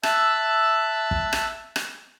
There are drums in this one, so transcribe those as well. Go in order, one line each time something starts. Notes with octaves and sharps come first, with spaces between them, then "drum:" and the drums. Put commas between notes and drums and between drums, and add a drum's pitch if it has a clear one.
E5 A5 E6 F#6, drum: rim click
drum: kick
drum: rim click
drum: rim click